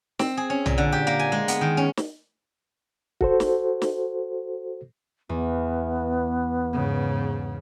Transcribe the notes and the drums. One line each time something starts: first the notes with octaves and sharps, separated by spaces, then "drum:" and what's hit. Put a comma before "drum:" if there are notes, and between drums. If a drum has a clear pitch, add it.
C4, drum: snare
G#4
C#4
A#2, drum: tom
D3
G4
A#3
G#5
G#3
B3, drum: hi-hat
D#3
C#4
drum: snare
F#4 A4 C5, drum: kick C#1
drum: snare
drum: snare
E2 B3
G#2 C#3